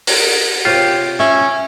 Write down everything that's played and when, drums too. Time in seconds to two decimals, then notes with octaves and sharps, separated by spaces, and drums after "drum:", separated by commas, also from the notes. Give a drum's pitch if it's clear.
0.07 drum: open hi-hat
0.65 C3 F4 G4 C5 C#5
1.20 C#4 E5